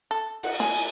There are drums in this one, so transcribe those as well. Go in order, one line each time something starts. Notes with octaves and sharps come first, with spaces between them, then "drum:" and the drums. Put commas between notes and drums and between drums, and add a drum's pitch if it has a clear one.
A4
F#5, drum: cymbal
G#4 G#5, drum: snare